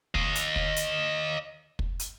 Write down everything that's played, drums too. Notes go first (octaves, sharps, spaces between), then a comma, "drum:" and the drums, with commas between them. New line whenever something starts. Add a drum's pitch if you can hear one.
D#5 F5, drum: kick
drum: hi-hat
drum: kick
drum: hi-hat
drum: kick
drum: hi-hat